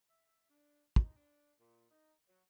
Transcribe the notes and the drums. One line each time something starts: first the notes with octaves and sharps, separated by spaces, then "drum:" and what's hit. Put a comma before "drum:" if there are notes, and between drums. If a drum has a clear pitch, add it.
E5
D4
D#4, drum: kick
D4
A#2
D#4
F#3